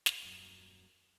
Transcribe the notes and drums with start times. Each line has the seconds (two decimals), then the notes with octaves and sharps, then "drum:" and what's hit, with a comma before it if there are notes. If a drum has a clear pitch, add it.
0.06 drum: snare
0.23 D#1 F#2